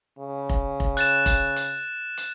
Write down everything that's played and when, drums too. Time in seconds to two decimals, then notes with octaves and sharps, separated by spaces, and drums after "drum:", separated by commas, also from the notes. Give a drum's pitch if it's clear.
0.19 C#3
0.49 drum: kick F1
0.80 drum: kick F1
0.97 F#6 A6 E7, drum: hi-hat
1.26 drum: kick F1, hi-hat
1.56 drum: hi-hat
2.17 drum: hi-hat